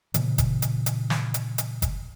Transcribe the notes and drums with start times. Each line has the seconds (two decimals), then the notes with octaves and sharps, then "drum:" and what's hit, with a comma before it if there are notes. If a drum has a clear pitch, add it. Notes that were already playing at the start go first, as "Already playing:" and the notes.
0.14 A#2 C#3 E3, drum: hi-hat
0.38 drum: kick F#1, hi-hat
0.62 drum: hi-hat
0.86 drum: hi-hat
1.10 drum: snare
1.34 drum: hi-hat
1.58 drum: hi-hat
1.82 drum: kick F#1, hi-hat